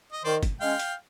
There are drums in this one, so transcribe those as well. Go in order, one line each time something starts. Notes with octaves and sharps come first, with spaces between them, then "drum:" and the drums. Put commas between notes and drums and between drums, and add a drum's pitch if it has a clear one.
D#5
D#3 C5 D5
drum: kick, hi-hat
G#3 C#4 F5 G5
drum: hi-hat